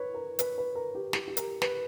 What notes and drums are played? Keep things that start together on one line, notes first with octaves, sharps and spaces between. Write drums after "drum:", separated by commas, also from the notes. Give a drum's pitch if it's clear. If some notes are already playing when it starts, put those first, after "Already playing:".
Already playing: B4 C#5
A#4
B4, drum: hi-hat
B4
A#4
G4
G4, drum: snare
G4
A#4, drum: hi-hat
B4, drum: snare